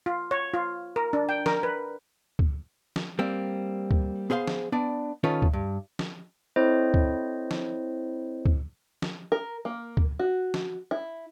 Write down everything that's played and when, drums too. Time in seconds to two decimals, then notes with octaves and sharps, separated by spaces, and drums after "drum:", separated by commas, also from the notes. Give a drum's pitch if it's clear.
0.06 F4
0.31 C#5
0.54 F4
0.96 A#4
1.13 D4
1.29 G5
1.46 A#4, drum: snare
1.63 B4
2.39 drum: kick D2
2.96 drum: snare
3.19 G3 A#3 C4
3.91 drum: kick D2
4.30 B3 G#4 C5 F5 C6
4.48 drum: snare
4.72 B3 D4 D5
5.23 D#3 C#4 F4 A4 B4
5.42 drum: kick D2
5.53 G2
5.99 drum: snare
6.56 C4 E4 A4 C5 C#5 D#5
6.94 drum: kick D2
7.51 drum: snare
8.46 drum: kick D2
9.02 drum: snare
9.32 A#4
9.65 A#3
9.97 drum: kick D2
10.19 F#4
10.54 drum: snare
10.91 E4